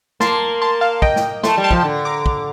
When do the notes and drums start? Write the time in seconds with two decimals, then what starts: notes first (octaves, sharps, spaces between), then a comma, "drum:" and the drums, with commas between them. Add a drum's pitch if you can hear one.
0.20 A#3 A5 C6, drum: snare
0.62 A5 C6
0.81 F5 A5
1.02 D#5 G5, drum: kick
1.16 drum: snare
1.43 A3 A5 C6, drum: snare
1.58 G3
1.64 A5 C6
1.71 F3, drum: kick
1.84 D3
2.05 A#5 D6
2.26 drum: kick